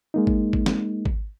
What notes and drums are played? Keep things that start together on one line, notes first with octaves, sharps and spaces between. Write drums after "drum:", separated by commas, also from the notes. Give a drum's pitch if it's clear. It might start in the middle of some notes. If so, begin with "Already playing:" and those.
G#3 A#3 D#4
drum: kick G#1
drum: kick G#1
drum: snare
drum: kick G#1